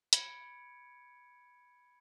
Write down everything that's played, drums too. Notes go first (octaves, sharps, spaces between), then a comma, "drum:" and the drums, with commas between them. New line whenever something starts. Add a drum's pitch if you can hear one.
B5 G#6 C#7 D7, drum: hi-hat